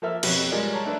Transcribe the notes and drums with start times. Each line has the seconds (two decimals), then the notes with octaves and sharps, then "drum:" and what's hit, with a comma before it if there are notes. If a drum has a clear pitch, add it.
0.02 F3 A#3 A4 E5 F6
0.23 F2 B2 G4 B4 C#5, drum: cymbal
0.52 G3 G#3 F4 G#4 A#4 D5
0.73 C#5 A5 A#5
0.85 A3 D4 B4 D5